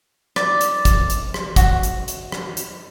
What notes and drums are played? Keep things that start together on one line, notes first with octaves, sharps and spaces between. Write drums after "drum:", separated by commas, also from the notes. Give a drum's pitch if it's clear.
D5, drum: rim click
drum: hi-hat
drum: kick, hi-hat
drum: hi-hat
drum: rim click
F#4, drum: kick, hi-hat
drum: hi-hat
drum: hi-hat
drum: rim click
drum: hi-hat